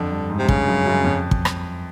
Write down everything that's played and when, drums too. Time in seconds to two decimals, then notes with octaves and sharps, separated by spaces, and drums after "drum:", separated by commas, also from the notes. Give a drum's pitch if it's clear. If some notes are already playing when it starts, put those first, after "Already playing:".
Already playing: F2 D3
0.12 G2
0.30 G#2
0.38 C3
0.49 G2 C#3, drum: kick
0.67 F#2
0.86 F#2
1.04 F2
1.31 drum: kick
1.45 drum: rim click